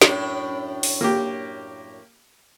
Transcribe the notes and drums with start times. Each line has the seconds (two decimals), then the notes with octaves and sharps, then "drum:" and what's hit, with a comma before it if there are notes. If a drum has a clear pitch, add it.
0.01 F#2 A2 D4, drum: snare
0.83 drum: open hi-hat
1.01 A#3 G4